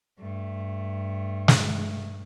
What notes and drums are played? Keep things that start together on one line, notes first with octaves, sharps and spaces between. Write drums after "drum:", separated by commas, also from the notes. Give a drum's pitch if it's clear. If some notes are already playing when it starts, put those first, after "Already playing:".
G2 A3
drum: snare